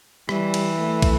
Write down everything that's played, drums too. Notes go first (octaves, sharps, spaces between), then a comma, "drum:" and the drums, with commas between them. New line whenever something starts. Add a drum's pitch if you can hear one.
E3 G3, drum: rim click
drum: cymbal
A3
drum: kick, cymbal